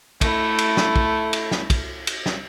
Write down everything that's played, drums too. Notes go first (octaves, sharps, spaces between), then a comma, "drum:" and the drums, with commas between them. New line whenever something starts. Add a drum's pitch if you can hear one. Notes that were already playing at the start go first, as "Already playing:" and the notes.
A3 E4, drum: kick, cymbal
drum: cymbal
drum: snare
drum: kick
drum: cymbal
drum: snare
drum: kick, cymbal
drum: cymbal
drum: snare